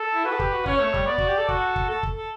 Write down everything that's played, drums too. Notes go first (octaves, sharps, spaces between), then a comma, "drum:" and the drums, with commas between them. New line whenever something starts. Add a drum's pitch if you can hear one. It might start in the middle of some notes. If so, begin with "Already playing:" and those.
Already playing: A4
E4
F#4 B4
A4
G4, drum: kick
F#4
C#4 C#5, drum: kick
A3
G3, drum: kick
B3 D5
F#4, drum: kick
G4
A4
F#4, drum: kick
drum: kick
A4
drum: kick
A4